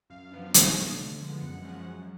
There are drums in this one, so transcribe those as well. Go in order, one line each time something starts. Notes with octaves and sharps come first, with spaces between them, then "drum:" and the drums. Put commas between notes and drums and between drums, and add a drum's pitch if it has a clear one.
F#2 F5
F3 B3 D4
B2, drum: hi-hat
A3 D4
D3
F3 G#3 B3
F#2 F#5
F3 G#3 C#4
F#2